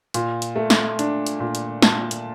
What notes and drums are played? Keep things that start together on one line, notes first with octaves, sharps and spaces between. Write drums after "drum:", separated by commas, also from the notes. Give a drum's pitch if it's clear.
A#2, drum: hi-hat
drum: hi-hat
A3
drum: snare
D4, drum: hi-hat
drum: hi-hat
A#2
drum: hi-hat
A#2 A5, drum: snare
drum: hi-hat